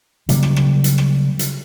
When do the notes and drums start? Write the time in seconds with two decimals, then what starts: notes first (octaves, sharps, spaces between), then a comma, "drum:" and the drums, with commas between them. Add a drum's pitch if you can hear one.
0.29 C#3 F#3 G3 A#3, drum: hi-hat
0.43 drum: rim click
0.56 drum: rim click
0.84 drum: hi-hat
0.98 drum: rim click
1.39 drum: hi-hat